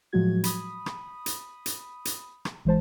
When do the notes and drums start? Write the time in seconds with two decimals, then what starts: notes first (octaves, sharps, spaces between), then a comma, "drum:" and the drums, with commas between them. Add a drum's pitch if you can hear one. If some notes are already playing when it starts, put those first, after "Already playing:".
0.13 A2 F3 F#3 G#3 F#4 G#6
0.44 B5 D#6, drum: hi-hat
0.86 drum: rim click
1.26 drum: hi-hat
1.66 drum: hi-hat
2.05 drum: hi-hat
2.45 drum: rim click
2.65 G#1 E3 G#3 C5 A5